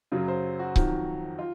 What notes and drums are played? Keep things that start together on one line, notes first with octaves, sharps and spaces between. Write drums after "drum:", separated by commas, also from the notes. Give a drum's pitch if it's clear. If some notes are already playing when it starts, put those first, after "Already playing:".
F#2 C#3 F#3
C5
F#4
F2 D#3 F#3, drum: kick C#1
F4